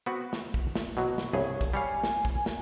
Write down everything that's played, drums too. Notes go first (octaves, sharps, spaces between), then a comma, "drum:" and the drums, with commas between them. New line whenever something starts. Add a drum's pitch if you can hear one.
B3 C4 F#4
drum: snare
drum: kick
drum: snare
B2 F#3
drum: snare
C2 G2 G#4 C#5
drum: kick, hi-hat
G3 C#5 F5 G#5
drum: snare
drum: kick
drum: snare